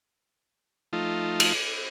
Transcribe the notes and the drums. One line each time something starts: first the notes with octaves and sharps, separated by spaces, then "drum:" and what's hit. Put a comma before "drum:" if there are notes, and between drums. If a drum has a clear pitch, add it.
F3 A3 D#4 F4
drum: cymbal